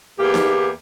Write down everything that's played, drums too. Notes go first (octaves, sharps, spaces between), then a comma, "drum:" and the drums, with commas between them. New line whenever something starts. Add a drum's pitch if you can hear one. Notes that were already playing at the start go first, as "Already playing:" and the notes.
E2 A#3 G4
drum: snare D#4